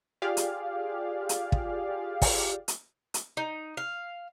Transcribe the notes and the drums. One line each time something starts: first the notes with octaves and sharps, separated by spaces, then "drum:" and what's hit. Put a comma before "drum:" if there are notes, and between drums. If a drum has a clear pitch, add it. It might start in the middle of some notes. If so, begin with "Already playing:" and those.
F4 G4 G#4 D5 F5
drum: hi-hat
drum: hi-hat
drum: kick
drum: kick, open hi-hat
drum: hi-hat
drum: hi-hat
D#4
F5